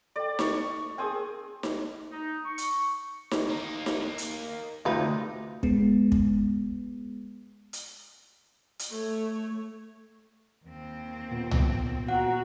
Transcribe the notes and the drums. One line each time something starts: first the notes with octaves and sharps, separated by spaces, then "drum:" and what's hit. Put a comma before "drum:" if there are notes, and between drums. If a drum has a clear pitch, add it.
A4 D5 G5
C#6, drum: snare D#4
C4 G#4 A#4 G5 G#5 D#6
drum: snare D#4
D#4
C#6
drum: hi-hat
drum: snare D#4
A#3 D#4
drum: snare D#4
drum: hi-hat
D2 C3 D#4 F4 B4
G#3 B3, drum: kick
drum: kick
drum: hi-hat
drum: hi-hat
A3 C#5
D#2 C4
A#2 B3
drum: tom
F#4 F#5 A#5